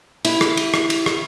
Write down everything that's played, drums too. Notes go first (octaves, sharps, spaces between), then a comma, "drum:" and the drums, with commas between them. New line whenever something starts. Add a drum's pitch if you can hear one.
E4, drum: cymbal
drum: rim click
drum: cymbal
drum: rim click
drum: cymbal
drum: rim click